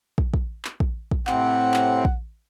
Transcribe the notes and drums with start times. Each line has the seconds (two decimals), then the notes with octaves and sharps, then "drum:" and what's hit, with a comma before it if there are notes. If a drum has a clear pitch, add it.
0.18 drum: kick
0.34 drum: kick
0.65 drum: clap
0.80 drum: kick
1.11 drum: kick
1.27 A2 C3 C4 F#5, drum: clap
1.74 drum: clap
2.05 drum: kick